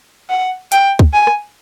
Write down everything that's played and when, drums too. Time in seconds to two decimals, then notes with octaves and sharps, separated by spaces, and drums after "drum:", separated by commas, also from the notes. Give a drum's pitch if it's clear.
0.30 F#5
0.72 G5, drum: hi-hat
0.99 drum: kick C#2
1.13 G#5
1.27 drum: rim click